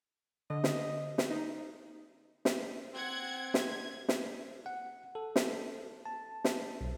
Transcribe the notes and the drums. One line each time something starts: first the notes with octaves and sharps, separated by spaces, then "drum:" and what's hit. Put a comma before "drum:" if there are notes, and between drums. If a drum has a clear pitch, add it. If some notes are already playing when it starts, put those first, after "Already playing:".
D3 D#5
drum: snare
drum: snare
D#4
drum: snare
C4 F#5 G#6
G#6, drum: snare
drum: snare
F#5
A4
drum: snare
A5
drum: snare
B1